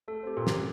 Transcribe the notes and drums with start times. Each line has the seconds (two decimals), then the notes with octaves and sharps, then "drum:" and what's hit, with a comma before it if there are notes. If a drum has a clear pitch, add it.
0.08 A3 A4
0.23 C4 G4
0.37 A#2
0.47 G4, drum: snare
0.52 A#2